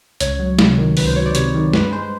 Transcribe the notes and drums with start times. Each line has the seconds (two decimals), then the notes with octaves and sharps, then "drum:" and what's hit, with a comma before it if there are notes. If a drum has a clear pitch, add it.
0.20 C#2 C#5, drum: hi-hat
0.39 F#3
0.59 C3, drum: snare
0.78 D#3
0.97 C#2 B4, drum: open hi-hat
1.07 C5
1.16 F#3 C#5
1.26 D5
1.35 C3 C#5, drum: hi-hat
1.55 D#3
1.74 G2 B4, drum: snare
1.93 G#3 C5